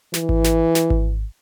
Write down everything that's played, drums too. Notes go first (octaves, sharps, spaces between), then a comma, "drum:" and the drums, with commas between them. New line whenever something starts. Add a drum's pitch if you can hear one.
E3, drum: snare
drum: kick G#1
drum: snare
drum: snare
drum: kick G#1